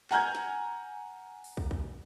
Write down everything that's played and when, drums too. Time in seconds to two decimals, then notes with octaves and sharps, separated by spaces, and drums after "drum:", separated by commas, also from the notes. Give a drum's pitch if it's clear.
0.11 F#5 G#5 A#5 F6 G6 G#6, drum: clap
0.35 drum: snare
1.44 drum: open hi-hat
1.57 drum: kick
1.71 drum: kick